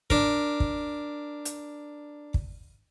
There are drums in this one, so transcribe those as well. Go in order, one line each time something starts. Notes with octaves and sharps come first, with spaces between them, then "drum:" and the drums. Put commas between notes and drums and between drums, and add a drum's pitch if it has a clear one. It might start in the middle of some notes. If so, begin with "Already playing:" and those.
D4 A#4, drum: kick
drum: kick
drum: hi-hat
drum: kick